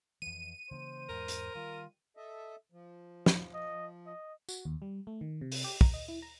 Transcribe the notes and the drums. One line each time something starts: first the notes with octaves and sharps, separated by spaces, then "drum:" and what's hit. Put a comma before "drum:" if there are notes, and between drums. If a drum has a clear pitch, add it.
F2 E3 D#7
C#3 E3 A#3 C5
E2 G#2 A#4
drum: hi-hat
D#3 G3 F4
A4 D#5 E5
F3
drum: snare
D#5
D#5
F#4, drum: tambourine
D#2
G3
A3
D#3
C3
drum: open hi-hat
G4
A#5, drum: kick
D#5
E4
A#5